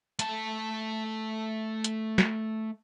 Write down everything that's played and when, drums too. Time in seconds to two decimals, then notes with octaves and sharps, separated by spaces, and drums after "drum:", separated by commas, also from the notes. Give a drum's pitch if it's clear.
0.19 A3 A5, drum: hi-hat
1.84 drum: hi-hat
2.18 drum: snare